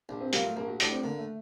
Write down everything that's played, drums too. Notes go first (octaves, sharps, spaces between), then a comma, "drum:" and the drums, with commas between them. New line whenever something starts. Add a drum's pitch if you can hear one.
A#1 D4
C4
A#2 F#3 G3 A#3, drum: hi-hat
A3
A#1 A#3
F#4
A2 G3 D4 F#4, drum: hi-hat
C4
D3 A#3
A3